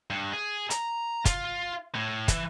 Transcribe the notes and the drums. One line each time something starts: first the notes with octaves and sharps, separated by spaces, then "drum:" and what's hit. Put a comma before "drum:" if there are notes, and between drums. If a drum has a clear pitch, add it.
G2
G#4
A#5, drum: hi-hat
F4, drum: kick, hi-hat
A2
E3, drum: kick, hi-hat